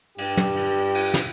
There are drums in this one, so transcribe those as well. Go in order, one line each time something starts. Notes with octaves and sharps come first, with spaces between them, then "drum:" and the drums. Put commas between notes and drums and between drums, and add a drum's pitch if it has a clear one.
G2 G4, drum: cymbal
drum: tom
drum: cymbal
drum: cymbal
drum: snare